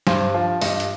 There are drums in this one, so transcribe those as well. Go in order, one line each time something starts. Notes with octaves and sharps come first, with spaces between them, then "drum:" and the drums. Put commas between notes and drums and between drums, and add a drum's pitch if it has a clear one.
G2 C5, drum: snare
F3
G2 D#5, drum: open hi-hat
drum: hi-hat